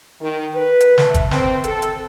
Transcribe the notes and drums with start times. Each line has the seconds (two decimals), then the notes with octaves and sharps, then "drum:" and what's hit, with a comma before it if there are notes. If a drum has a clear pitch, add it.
0.21 D#3
0.55 B4
0.80 drum: hi-hat
0.98 A3, drum: snare
1.14 drum: kick, hi-hat
1.31 C4, drum: snare
1.64 A4, drum: hi-hat
1.82 drum: hi-hat